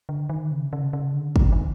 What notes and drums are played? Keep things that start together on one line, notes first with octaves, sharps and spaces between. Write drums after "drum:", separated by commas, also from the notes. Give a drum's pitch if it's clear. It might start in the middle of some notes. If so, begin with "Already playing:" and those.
D3
D#3
C#3
C#3
C#3
D3
D#3, drum: kick
D#3